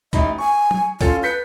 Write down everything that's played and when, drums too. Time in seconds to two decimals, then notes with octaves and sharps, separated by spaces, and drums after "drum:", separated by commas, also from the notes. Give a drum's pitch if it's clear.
0.13 A1 D#4 E5 B5, drum: kick C#2, hi-hat
0.38 G#5 C#6
0.71 drum: tom
1.01 C#4 F4 A4 F5, drum: kick C#2, hi-hat
1.23 B4 G6 B6 C#7